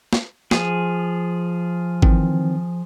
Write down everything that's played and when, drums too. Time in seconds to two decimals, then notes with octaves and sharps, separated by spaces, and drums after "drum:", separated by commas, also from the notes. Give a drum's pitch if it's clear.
0.13 drum: snare
0.51 F3 G#4, drum: snare
2.02 D#3 E3 C4, drum: kick